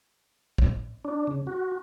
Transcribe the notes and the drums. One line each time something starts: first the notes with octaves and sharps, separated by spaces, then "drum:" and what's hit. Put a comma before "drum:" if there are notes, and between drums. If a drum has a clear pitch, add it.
drum: kick
D4
C#3
F#4